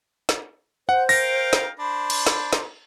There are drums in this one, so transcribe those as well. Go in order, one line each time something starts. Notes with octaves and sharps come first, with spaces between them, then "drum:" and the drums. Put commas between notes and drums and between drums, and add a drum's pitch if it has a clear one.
drum: snare
C5 F#5
A#4 F5 G5 A#6, drum: open hi-hat
drum: snare
D4 C5 B5
drum: cymbal
drum: snare
drum: snare